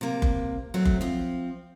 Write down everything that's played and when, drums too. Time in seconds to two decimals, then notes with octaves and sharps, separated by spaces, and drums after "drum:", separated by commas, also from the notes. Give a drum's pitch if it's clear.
0.01 C3 A#3
0.22 drum: kick F#1
0.74 F#3 A3 C4
0.85 drum: kick F#1
1.01 F3 C4